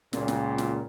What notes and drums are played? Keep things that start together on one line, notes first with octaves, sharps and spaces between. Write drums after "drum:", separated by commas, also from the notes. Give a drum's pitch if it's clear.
C#2 A#2, drum: snare
drum: snare
drum: snare